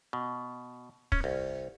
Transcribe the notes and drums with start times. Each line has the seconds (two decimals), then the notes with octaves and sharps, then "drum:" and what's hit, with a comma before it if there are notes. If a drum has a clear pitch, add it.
0.13 B2
1.12 C#4, drum: kick
1.24 C2